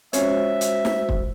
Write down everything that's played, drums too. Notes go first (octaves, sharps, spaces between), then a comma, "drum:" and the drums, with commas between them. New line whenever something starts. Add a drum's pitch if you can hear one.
G#3 C#4 F4 F#4 C5 C#5 E5, drum: hi-hat
drum: hi-hat
drum: snare
drum: kick